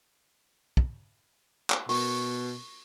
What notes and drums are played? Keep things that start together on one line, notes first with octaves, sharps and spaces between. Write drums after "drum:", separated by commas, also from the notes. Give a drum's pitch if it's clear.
drum: kick
drum: clap
B2 C#6, drum: open hi-hat